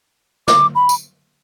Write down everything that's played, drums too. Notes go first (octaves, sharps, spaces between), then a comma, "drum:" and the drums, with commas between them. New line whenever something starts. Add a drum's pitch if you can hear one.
D6, drum: snare
B5
drum: tambourine